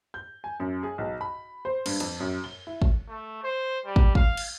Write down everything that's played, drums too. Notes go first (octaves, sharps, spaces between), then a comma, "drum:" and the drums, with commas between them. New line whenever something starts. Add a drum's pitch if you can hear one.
G6
G#5
F#2
G#4
B1
B5
C5
G2, drum: cymbal
F2, drum: cymbal
F#2
G7
E4
drum: kick
A3
C5
G3
drum: kick
F5, drum: kick
drum: cymbal